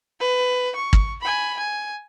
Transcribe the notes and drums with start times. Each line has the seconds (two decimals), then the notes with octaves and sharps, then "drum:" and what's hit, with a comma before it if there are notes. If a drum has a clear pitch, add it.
0.20 B4
0.75 C#6
0.93 drum: kick
1.21 G#5 B5
1.58 G#5